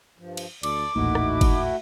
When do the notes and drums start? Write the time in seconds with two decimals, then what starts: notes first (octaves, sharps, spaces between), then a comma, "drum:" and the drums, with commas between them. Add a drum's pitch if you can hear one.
0.19 G2 F3
0.37 drum: cymbal
0.63 D2 A4 D5 D6, drum: cymbal
0.96 D#1 A1 A3 A#3 D#4 E4 F#4
1.15 drum: rim click
1.41 drum: kick, cymbal